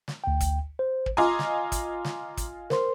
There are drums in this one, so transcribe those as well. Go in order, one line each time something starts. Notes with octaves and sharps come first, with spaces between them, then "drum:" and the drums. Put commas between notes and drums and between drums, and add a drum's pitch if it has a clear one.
drum: snare
D2 G5
drum: kick, hi-hat
C5
drum: kick
F4 D#5 G#5 A#5 C6 D6
drum: snare
drum: kick, hi-hat
drum: snare
drum: kick, hi-hat
A#4 C5 C6, drum: snare